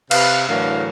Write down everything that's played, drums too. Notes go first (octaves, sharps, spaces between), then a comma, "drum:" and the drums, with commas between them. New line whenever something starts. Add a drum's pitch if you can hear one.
C3 B4 F5, drum: cymbal
A2 D3 E3 F#3 A#4 F5